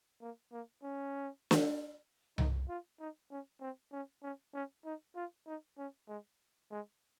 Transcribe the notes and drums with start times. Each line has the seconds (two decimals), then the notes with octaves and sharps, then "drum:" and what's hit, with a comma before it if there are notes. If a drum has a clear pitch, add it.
0.21 A#3
0.52 A#3
0.83 C#4
1.51 drum: snare
2.38 D#4, drum: tom C2
2.69 F4
3.00 D#4
3.31 C#4
3.61 C4
3.92 C#4
4.23 C#4
4.54 C#4
4.85 D#4
5.16 F4
5.47 D#4
5.78 C#4
6.08 G#3
6.71 G#3